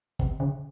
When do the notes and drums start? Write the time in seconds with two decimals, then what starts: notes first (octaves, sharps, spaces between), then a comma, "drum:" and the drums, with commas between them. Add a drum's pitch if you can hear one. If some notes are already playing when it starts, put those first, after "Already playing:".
0.19 C3, drum: kick
0.40 C#3